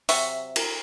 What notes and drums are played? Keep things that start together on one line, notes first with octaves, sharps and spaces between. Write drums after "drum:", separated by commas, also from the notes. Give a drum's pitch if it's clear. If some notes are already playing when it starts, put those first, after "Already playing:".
C3 F#3 E5 C#6, drum: open hi-hat
drum: cymbal